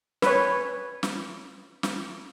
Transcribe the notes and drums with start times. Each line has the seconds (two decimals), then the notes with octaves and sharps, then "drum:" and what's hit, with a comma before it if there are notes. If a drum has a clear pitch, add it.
0.22 B4 C#5, drum: snare
1.03 drum: snare
1.83 drum: snare